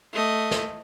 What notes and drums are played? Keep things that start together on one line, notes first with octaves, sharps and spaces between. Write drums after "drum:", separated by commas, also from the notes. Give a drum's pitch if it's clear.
A3 D#5
drum: snare